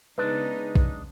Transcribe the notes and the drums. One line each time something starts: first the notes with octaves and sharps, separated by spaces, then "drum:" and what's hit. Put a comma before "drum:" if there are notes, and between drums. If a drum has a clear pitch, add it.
C#3 G#3 B3 D4 D#4 B4
drum: kick